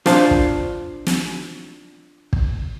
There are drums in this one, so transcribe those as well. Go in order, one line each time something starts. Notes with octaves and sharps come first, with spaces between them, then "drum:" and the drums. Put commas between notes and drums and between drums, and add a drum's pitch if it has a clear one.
D4 F4 C5 F5 A5, drum: snare
drum: kick
drum: snare
drum: kick